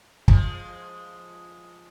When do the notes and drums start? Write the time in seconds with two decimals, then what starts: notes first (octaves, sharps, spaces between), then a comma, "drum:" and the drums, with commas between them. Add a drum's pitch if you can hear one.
0.28 F3 G#3, drum: kick